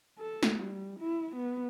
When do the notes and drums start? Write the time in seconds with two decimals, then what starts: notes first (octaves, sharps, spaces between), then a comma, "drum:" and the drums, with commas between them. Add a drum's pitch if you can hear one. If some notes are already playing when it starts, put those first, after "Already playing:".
0.19 A4
0.43 drum: snare
0.57 G3
0.99 E4
1.35 B3